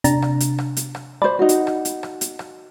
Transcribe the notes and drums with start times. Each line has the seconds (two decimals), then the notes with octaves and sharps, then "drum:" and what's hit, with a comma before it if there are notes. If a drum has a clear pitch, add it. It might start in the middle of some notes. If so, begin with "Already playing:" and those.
0.04 C3 D4 A#5, drum: hi-hat
0.22 drum: rim click
0.40 drum: hi-hat
0.59 drum: rim click
0.77 drum: hi-hat
0.95 drum: rim click
1.22 C5 D5 B5
1.39 D#4 F#4
1.49 drum: hi-hat
1.67 drum: rim click
1.85 drum: hi-hat
2.03 drum: rim click
2.21 drum: hi-hat
2.39 drum: rim click